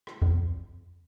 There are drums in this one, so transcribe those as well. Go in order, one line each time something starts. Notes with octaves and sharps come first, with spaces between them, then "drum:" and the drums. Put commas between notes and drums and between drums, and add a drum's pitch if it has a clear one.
drum: rim click
F2, drum: kick